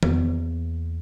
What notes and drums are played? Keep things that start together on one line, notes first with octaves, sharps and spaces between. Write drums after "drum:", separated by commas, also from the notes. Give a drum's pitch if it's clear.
E2 A#3, drum: tom D#3